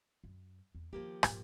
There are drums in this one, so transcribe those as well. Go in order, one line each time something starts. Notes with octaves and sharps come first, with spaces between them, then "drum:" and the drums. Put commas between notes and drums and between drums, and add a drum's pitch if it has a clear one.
F#2
E2
D#3 F3 A#3 D4 G4
D#1 G#2, drum: rim click